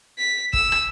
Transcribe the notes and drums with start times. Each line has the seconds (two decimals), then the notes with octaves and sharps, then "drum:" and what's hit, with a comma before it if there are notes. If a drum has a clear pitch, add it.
0.18 B6
0.53 E6, drum: kick
0.72 drum: rim click